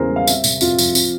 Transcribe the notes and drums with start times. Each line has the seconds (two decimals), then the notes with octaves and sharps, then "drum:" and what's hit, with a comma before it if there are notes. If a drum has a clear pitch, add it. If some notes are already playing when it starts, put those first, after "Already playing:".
Already playing: E2 C#3 A#3 G#4 A#4 C5
0.10 G3
0.16 F5
0.27 C4 E5, drum: tambourine
0.44 C3, drum: tambourine
0.61 F2 F4, drum: tambourine
0.79 F3, drum: tambourine
0.95 C4, drum: tambourine